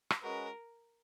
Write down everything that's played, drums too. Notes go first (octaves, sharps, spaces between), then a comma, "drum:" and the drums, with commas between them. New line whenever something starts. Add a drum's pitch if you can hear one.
drum: rim click
G#3 C#4 F#4 A#4 B4 D#5